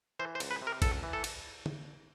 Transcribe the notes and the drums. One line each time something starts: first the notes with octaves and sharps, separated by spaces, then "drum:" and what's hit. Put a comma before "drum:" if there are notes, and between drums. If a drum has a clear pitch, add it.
E3 C5
C5
C#2, drum: cymbal
B4
C3
A#4
C#2 A4, drum: kick, cymbal
E3
A4
drum: cymbal
drum: tom